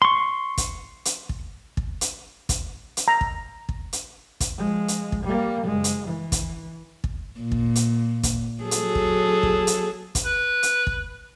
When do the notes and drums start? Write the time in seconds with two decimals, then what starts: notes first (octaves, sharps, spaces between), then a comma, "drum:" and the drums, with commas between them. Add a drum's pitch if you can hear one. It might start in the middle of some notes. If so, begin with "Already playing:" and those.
0.02 C6 C#6
0.58 drum: kick, hi-hat
1.05 drum: hi-hat
1.29 drum: kick
1.77 drum: kick
2.01 drum: hi-hat
2.49 drum: kick, hi-hat
2.97 drum: hi-hat
3.08 A#5
3.21 drum: kick
3.69 drum: kick
3.93 drum: hi-hat
4.40 drum: kick, hi-hat
4.58 F3 G#3
4.88 drum: hi-hat
5.12 drum: kick
5.24 G3 A#3
5.66 F#1 G#3
5.84 drum: hi-hat
6.08 E3
6.32 drum: kick, hi-hat
7.04 drum: kick
7.40 A#2
7.52 drum: kick
7.76 drum: hi-hat
8.23 drum: kick, hi-hat
8.62 F#3 G#4 A4
8.71 drum: hi-hat
8.95 drum: kick
9.43 drum: kick
9.67 drum: hi-hat
10.15 drum: kick, hi-hat
10.25 B4
10.63 drum: hi-hat
10.87 drum: kick